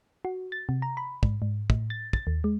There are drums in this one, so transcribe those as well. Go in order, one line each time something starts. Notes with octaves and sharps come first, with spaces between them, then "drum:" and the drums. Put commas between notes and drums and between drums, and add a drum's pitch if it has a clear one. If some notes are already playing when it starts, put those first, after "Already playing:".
F#4
A6
C3
A#5
B5
G#2, drum: kick
G#2
A2, drum: kick
A6
A6, drum: kick
D#2
G#3